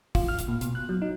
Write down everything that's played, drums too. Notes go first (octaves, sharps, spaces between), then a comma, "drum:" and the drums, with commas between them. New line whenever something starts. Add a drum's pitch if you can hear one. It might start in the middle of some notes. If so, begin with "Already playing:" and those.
F4, drum: kick, open hi-hat
F6
drum: hi-hat
A#2
B2, drum: hi-hat
F#6
F#3
D#4